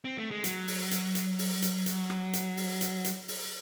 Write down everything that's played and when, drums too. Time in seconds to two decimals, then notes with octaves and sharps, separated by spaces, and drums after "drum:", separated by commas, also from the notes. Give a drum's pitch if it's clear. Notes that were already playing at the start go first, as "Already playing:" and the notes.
0.05 C4
0.18 A3
0.31 G#3
0.44 F#3, drum: hi-hat
0.68 drum: open hi-hat
0.91 drum: hi-hat
1.15 drum: hi-hat
1.39 drum: open hi-hat
1.62 drum: hi-hat
1.86 drum: hi-hat
2.10 drum: rim click
2.33 drum: hi-hat
2.57 drum: open hi-hat
2.81 drum: hi-hat
3.04 drum: hi-hat
3.28 drum: open hi-hat